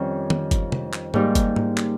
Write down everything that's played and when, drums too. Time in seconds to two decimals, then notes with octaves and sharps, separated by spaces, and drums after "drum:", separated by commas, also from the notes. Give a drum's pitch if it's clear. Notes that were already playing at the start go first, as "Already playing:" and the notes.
Already playing: F2 D#3 G3 C#4 F4
0.30 drum: tom D#3
0.51 drum: kick G1, hi-hat
0.72 drum: tom
0.93 drum: clap
1.14 G#2 G3 A#3 D#4, drum: tom G#2
1.35 drum: kick G1, hi-hat
1.56 drum: tom G#2
1.77 drum: clap